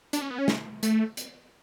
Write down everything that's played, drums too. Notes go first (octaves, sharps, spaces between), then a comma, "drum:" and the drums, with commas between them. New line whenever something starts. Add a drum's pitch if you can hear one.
D4, drum: hi-hat
C#4
B3
C#4
drum: snare
A3, drum: hi-hat
drum: hi-hat